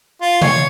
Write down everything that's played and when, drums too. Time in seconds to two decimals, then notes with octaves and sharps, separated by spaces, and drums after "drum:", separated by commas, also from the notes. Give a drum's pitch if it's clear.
0.21 F4
0.41 C#5, drum: tom C3